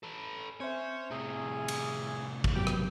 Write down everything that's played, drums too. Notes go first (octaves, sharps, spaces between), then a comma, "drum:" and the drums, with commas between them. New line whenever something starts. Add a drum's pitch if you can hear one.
A4 B4
C4 C#4 C5 C#5 E5
A2 C3 C#4 E4 G#4
drum: cymbal
drum: kick
G#2 F#3 B3 G4
drum: rim click